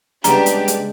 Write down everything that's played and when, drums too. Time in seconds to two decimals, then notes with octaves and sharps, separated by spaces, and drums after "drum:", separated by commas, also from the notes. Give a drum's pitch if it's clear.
0.24 C#3 G3 G#3 B3 D4 G4 G5 A#5, drum: hi-hat
0.46 drum: hi-hat
0.68 drum: hi-hat